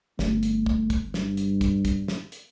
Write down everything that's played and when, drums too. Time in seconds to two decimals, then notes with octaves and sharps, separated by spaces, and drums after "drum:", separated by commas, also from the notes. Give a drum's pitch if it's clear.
0.19 G1 A3, drum: snare
0.43 drum: hi-hat
0.66 drum: kick
0.90 drum: kick, hi-hat
1.14 G2, drum: snare
1.37 drum: hi-hat
1.61 drum: kick, hi-hat
1.85 drum: kick, hi-hat
2.08 drum: snare
2.32 drum: hi-hat